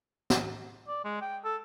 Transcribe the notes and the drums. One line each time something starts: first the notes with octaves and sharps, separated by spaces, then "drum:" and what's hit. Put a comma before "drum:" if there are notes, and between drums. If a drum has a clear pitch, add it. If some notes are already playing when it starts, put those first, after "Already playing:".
drum: snare
D5
G#3
G5
A4